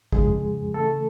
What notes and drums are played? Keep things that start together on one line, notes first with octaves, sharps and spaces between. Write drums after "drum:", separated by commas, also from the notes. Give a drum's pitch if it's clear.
F2 C#3 F3 G#3 G#4, drum: kick G#1
C#3 E3 A3 A4